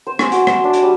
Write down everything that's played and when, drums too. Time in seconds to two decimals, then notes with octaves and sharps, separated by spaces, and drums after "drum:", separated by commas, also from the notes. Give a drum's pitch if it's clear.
0.07 C5
0.19 G#5, drum: rim click
0.32 F#4, drum: hi-hat
0.47 E5, drum: rim click
0.64 D4
0.73 drum: hi-hat
0.83 G3